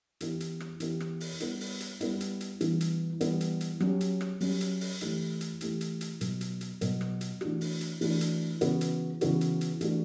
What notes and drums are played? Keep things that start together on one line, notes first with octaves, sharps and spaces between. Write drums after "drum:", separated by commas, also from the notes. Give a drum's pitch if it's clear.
E3 B3 E4 G4, drum: hi-hat
drum: hi-hat
drum: rim click
E3 B3 E4 G4, drum: hi-hat
drum: rim click
drum: open hi-hat
G3 B3 E4, drum: hi-hat
drum: open hi-hat
drum: hi-hat
G3 B3 E4, drum: hi-hat
drum: hi-hat
drum: hi-hat
E3 G3 B3, drum: hi-hat
drum: hi-hat
E3 G3 B3, drum: hi-hat
drum: hi-hat
drum: hi-hat
F#3 C#4 G4, drum: rim click
drum: hi-hat
drum: rim click
F#3 C#4 G4, drum: open hi-hat
drum: hi-hat
drum: open hi-hat
E3 A3 E4 G4, drum: hi-hat
drum: hi-hat
E3 A3 E4 G4, drum: hi-hat
drum: hi-hat
drum: hi-hat
B2 F#3 B3, drum: hi-hat
drum: hi-hat
drum: hi-hat
B2 F#3 B3, drum: hi-hat
drum: rim click
drum: hi-hat
E3 A3 D4 F#4, drum: rim click
drum: open hi-hat
drum: hi-hat
E3 A3 D4 F#4, drum: open hi-hat
drum: hi-hat
C#3 E3 B3 F#4, drum: hi-hat
drum: hi-hat
C#3 E3 B3 F#4, drum: hi-hat
drum: hi-hat
drum: hi-hat
E3 A3 D4 F#4, drum: hi-hat